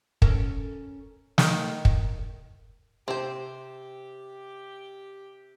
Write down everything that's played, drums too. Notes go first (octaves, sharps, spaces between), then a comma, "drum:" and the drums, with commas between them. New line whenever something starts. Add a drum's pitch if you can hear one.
C#4 A4 A#4, drum: kick
D#3, drum: snare
drum: kick
C3 C4 G4 C5